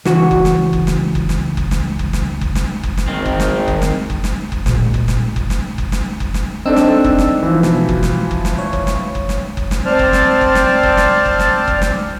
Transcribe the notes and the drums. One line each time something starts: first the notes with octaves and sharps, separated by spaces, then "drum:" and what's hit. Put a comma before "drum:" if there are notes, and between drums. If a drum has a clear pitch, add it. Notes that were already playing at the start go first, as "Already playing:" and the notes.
C#2 E3 F#4, drum: snare
drum: kick F#1
drum: snare
drum: kick F#1
drum: snare
drum: kick F#1
drum: snare
drum: kick F#1
drum: snare
drum: kick F#1
drum: snare
drum: kick F#1
drum: snare
drum: kick F#1
drum: snare
D#3 C4
drum: kick F#1
drum: snare
drum: kick F#1
drum: snare
drum: kick F#1
drum: snare
drum: kick F#1
A#2 G#3, drum: snare
drum: kick F#1
drum: snare
drum: kick F#1
drum: snare
drum: kick F#1
drum: snare
drum: kick F#1
drum: snare
C4 D4 D#4 A4 E6
drum: snare
drum: kick F#1
drum: snare
E3 F3
B2, drum: snare
drum: kick F#1
drum: snare
drum: kick F#1
drum: snare
C#5
drum: kick F#1
drum: snare
drum: kick F#1
drum: snare
drum: kick F#1
drum: snare
C4 C5 D5 A5 F6
drum: kick F#1
drum: snare
drum: kick F#1
drum: snare
drum: kick F#1
drum: snare
drum: kick F#1
drum: snare
drum: kick F#1
drum: snare